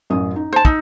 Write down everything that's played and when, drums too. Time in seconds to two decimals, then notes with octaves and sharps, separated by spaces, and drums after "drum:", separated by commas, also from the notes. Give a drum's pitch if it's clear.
0.10 A1 F#2 D#6
0.36 D#4
0.53 C5 A5
0.65 D#4 E6, drum: kick